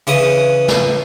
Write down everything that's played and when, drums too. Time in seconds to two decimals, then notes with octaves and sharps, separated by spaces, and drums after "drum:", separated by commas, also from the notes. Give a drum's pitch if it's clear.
0.07 C#3 E3 D#6, drum: hi-hat
0.68 drum: snare